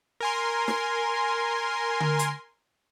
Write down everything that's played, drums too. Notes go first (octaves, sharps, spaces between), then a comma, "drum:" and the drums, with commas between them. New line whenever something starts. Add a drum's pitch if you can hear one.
A#4 G#5 C6
drum: snare
drum: tom D3
drum: hi-hat